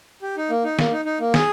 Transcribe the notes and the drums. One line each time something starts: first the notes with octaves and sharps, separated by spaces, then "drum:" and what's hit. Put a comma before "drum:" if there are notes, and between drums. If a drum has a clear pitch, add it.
G4
D#4
A#3
D#4
A#3, drum: snare
D#4
D#4
A#3
G#4, drum: snare